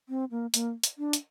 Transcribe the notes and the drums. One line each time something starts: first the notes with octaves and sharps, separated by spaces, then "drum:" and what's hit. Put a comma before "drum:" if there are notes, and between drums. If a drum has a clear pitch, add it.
C4
A#3
A#3, drum: hi-hat
drum: hi-hat
D4
drum: hi-hat